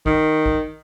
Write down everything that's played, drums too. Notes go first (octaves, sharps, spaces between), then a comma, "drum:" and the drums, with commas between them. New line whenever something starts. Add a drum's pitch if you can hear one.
D#3, drum: kick
drum: kick